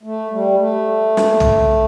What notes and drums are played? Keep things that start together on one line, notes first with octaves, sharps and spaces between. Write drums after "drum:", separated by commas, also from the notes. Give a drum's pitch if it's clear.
A3
G3
A3
drum: snare
drum: tom